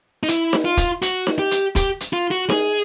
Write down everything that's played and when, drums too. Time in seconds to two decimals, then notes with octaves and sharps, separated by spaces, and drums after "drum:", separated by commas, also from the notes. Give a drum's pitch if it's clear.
0.23 D#4
0.28 E4, drum: hi-hat
0.53 drum: snare D#4
0.65 F4
0.77 drum: kick, hi-hat
1.02 F#4, drum: hi-hat
1.27 drum: snare D#4
1.39 G4
1.51 drum: hi-hat
1.76 G4, drum: kick, hi-hat
2.00 drum: hi-hat
2.13 F4
2.31 F#4
2.50 G#4, drum: snare D#4